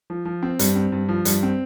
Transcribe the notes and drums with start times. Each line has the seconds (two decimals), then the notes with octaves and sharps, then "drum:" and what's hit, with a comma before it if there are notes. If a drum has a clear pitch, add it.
0.10 F3
0.25 F3
0.43 C4
0.59 G2, drum: hi-hat
0.75 C4
0.92 G2
1.09 F3
1.25 G2, drum: hi-hat
1.43 C4